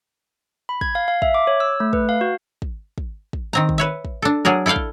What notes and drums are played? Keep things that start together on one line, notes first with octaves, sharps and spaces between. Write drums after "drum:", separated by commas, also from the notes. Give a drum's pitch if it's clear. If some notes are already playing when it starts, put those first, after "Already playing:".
B5
G#6, drum: kick
F5
F5
E5, drum: kick
D6
C#5
E6
A3
B4, drum: kick
F5
F#4
drum: kick
drum: kick
drum: kick
D#3 C4 A#5
drum: kick
B4 C#5 E5
drum: kick
D4 A4
F#3 D4 G#4 A#4
E4 A4 D5 F5 G5
drum: kick